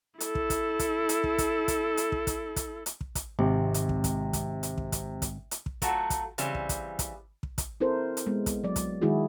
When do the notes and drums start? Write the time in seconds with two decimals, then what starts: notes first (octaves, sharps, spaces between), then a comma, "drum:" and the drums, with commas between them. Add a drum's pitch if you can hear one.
0.20 E4 A4, drum: hi-hat
0.35 drum: kick
0.50 drum: kick, hi-hat
0.79 drum: kick, hi-hat
1.09 drum: hi-hat
1.24 drum: kick
1.38 drum: kick, hi-hat
1.68 drum: kick, hi-hat
1.97 drum: hi-hat
2.12 drum: kick
2.27 drum: kick, hi-hat
2.56 drum: kick, hi-hat
2.86 drum: hi-hat
3.01 drum: kick
3.15 drum: kick, hi-hat
3.39 G#1 C3
3.74 drum: hi-hat
3.89 drum: kick
4.04 drum: kick, hi-hat
4.33 drum: kick, hi-hat
4.63 drum: hi-hat
4.78 drum: kick
4.92 drum: kick, hi-hat
5.22 drum: kick, hi-hat
5.51 drum: hi-hat
5.66 drum: kick
5.82 F#3 A3 F4 F#4, drum: kick, hi-hat
6.10 drum: kick, hi-hat
6.38 C#3 E3 G3 C4, drum: hi-hat
6.55 drum: kick
6.69 drum: kick, hi-hat
6.99 drum: kick, hi-hat
7.43 drum: kick
7.58 drum: kick, hi-hat
7.80 C4 E4 A4 A#4 C5
8.17 drum: hi-hat
8.26 G#3 B3
8.46 drum: kick, hi-hat
8.64 F#3 D5
8.76 drum: kick, hi-hat
9.02 D#3 G#3 E4 F#4 G#4